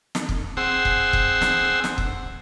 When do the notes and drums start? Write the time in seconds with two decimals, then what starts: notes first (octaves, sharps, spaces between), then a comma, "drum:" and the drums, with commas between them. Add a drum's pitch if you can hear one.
0.15 drum: snare
0.29 drum: kick
0.57 C4 G#4 F#5 C6 E6
0.85 drum: kick
1.13 drum: kick
1.41 drum: snare
1.84 drum: snare
1.98 drum: kick